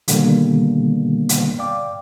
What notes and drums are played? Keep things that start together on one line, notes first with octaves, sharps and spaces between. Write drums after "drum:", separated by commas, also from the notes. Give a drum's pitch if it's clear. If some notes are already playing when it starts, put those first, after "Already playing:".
B2 D3 D#3 G3 A#3 B3, drum: hi-hat
drum: hi-hat
D5 F5 G5 D6